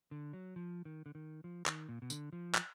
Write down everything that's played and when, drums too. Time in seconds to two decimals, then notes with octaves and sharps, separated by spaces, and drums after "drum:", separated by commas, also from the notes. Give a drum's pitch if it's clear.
0.11 D3
0.33 F#3
0.56 F3
0.85 D#3
1.06 D3
1.15 D#3
1.44 F3
1.66 D#3, drum: clap
1.89 A#2
2.02 B2
2.10 D3, drum: tambourine
2.33 F3
2.55 drum: clap